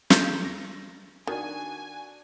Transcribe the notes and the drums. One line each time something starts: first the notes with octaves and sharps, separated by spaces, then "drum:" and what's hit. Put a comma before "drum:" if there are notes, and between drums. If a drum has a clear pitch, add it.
A3 G6, drum: snare
A#6
D#3 D4 F#4 G#5